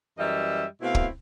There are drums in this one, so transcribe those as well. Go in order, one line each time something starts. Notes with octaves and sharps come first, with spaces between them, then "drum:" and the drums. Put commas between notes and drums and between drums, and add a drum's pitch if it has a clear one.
F#2 E3 G3 D#5 E5
B2 A3 C4 E4 F5
drum: kick